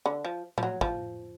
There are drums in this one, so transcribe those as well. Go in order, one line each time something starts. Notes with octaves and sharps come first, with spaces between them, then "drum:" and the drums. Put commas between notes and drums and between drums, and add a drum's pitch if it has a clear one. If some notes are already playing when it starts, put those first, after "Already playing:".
D3
F3
F3, drum: tom A2
F#3
F3, drum: kick